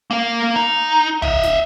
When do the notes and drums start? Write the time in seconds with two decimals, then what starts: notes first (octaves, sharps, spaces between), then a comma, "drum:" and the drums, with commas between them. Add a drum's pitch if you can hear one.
0.11 A#3 F5
0.56 D#4
1.22 D#5 E5, drum: kick
1.43 drum: snare